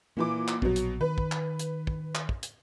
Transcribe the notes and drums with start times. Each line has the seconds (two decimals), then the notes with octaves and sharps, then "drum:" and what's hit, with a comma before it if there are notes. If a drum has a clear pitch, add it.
0.17 A#2 E3 A#3 D6
0.48 drum: clap
0.62 A#1 B2 F#3, drum: kick
0.76 drum: hi-hat
1.01 D#3 B4
1.18 drum: kick
1.32 drum: clap
1.59 drum: hi-hat
1.87 drum: kick
2.15 drum: clap
2.29 drum: kick
2.43 drum: hi-hat